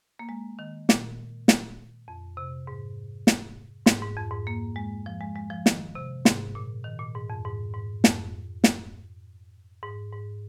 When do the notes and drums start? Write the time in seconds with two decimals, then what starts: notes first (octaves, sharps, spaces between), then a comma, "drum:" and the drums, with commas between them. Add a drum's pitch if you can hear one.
0.19 A#3
0.29 G#3
0.59 D#3
0.89 A#2, drum: snare
1.48 drum: snare
2.08 F2
2.37 C3
2.67 G#2
3.27 drum: snare
3.86 G#2, drum: snare
4.02 G#2
4.17 F2
4.31 G#2
4.47 A#3
4.76 G#3
5.06 F3
5.21 G#3
5.36 G#3
5.50 F3
5.66 D#3, drum: snare
5.95 C3
6.25 G#2, drum: snare
6.55 A#2
6.84 D#3
6.99 A#2
7.15 G#2
7.30 F2
7.45 G#2
7.74 G#2
8.04 F2, drum: snare
8.64 drum: snare
9.83 G#2
10.13 G#2